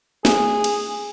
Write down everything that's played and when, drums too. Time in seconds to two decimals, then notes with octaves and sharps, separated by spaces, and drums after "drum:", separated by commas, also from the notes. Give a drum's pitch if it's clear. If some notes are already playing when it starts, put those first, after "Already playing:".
0.25 G#4, drum: snare
0.64 drum: cymbal